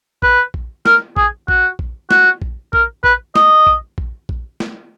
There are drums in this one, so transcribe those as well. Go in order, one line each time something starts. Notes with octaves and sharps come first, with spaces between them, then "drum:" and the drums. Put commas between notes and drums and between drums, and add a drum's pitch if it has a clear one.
B4, drum: kick A#1
drum: kick A#1
A#4, drum: snare
G#4, drum: kick A#1
F#4, drum: kick A#1
drum: kick A#1
F#4, drum: snare
drum: kick A#1
A#4, drum: kick A#1
B4, drum: kick A#1
D#5, drum: snare
drum: kick A#1
drum: kick A#1
drum: kick A#1
drum: snare